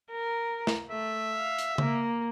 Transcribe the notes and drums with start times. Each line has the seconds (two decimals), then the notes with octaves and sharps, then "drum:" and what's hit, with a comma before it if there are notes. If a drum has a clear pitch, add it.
0.11 A#4
0.67 drum: snare
0.90 A3 E5
1.34 F5
1.58 drum: hi-hat
1.78 A#3, drum: tom C#3